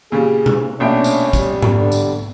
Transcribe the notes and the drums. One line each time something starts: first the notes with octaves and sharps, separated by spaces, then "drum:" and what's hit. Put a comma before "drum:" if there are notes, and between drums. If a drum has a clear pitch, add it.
A#2 C#3 G3 G#4
drum: tom B2
A#1 B2 A3 C#4 D4 G5
drum: tambourine
G3, drum: kick, tambourine
drum: tom G#2
D3
drum: tambourine